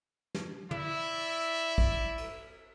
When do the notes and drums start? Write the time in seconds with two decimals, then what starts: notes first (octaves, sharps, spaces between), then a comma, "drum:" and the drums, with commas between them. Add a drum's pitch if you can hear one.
0.35 drum: snare
0.71 E4 D5 E5, drum: tom
1.78 drum: kick
2.18 drum: cymbal